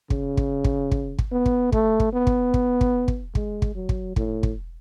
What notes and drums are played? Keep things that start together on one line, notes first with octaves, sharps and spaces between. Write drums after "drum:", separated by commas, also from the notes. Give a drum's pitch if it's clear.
C#3, drum: kick
drum: kick
drum: kick
drum: kick
drum: kick
B3
drum: kick
A3, drum: kick
drum: kick
B3
drum: kick
drum: kick
drum: kick
drum: kick
G#3, drum: kick
drum: kick
F#3
drum: kick
A2, drum: kick
drum: kick